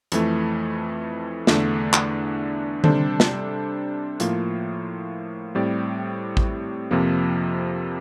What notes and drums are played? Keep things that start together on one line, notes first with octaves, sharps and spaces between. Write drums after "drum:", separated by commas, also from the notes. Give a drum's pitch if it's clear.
F2 E3 A3, drum: hi-hat
E2 D3 A3 D4, drum: snare
drum: clap
C3 G3 D4 A4 C5, drum: tom D3
drum: snare
A2 F3 A#3 F4, drum: hi-hat
A2 G3 C4 G4 D5
drum: kick A1
F2 C3 F3 A#3